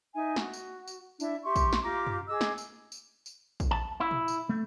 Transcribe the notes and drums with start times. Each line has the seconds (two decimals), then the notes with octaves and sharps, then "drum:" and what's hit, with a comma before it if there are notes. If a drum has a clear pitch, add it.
0.14 D#4 E5 G#5
0.36 F#4, drum: snare
0.53 drum: tambourine
0.88 drum: tambourine
1.20 D4 E4 E5, drum: tambourine
1.43 G4 E5 C6 C#6
1.56 drum: kick A#1, tambourine
1.73 drum: snare
1.82 F4 G4 A#5 D6
2.07 drum: tom F#2
2.27 G#4 D#5 D6 E6
2.41 drum: snare
2.58 drum: tambourine
2.92 drum: tambourine
3.26 drum: tambourine
3.60 drum: kick A#1, tambourine
3.71 A5
4.00 E4
4.11 drum: tom A#2
4.28 drum: tambourine
4.49 A3